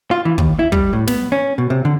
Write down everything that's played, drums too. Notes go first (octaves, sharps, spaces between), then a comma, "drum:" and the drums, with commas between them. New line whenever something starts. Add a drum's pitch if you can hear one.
F4
E3
D#2, drum: kick
E4
G3, drum: kick
A2
B3, drum: snare
C#4
B2
C3
D3